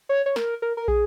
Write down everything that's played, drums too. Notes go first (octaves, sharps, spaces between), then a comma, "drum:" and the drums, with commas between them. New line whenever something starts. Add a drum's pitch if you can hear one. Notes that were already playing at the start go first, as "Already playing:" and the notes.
C#5
C#5
A#4, drum: snare
A#4
A#4
G#4, drum: kick